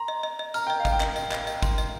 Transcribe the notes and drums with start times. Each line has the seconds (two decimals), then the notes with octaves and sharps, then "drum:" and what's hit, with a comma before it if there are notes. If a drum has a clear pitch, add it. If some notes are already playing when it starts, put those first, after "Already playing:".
Already playing: A#5 C6
0.08 D#5
0.23 D#5
0.39 D#5
0.54 A#5 F6, drum: tambourine
0.67 D#5 G5
0.80 F5
0.85 D#5, drum: kick, tambourine
0.92 G5
1.01 D#5, drum: clap
1.16 D#5, drum: tambourine
1.32 D#5, drum: clap
1.47 D#5, drum: tambourine
1.62 C6, drum: kick, tambourine
1.78 D#5, drum: tambourine